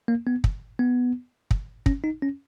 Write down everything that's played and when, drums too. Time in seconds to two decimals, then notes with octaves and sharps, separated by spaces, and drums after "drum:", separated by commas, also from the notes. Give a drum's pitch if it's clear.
0.08 A#3
0.27 B3
0.44 drum: kick
0.79 B3
1.51 drum: kick
1.86 C#4, drum: kick
2.04 D#4
2.22 C#4